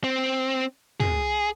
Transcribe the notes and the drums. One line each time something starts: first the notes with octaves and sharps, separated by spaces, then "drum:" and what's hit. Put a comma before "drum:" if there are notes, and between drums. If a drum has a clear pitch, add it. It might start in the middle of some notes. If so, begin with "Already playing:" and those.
C4
G#4, drum: tom